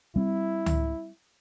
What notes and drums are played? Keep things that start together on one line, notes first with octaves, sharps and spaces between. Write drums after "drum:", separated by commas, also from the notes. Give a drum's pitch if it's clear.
G3 C4 E4
drum: tom C#2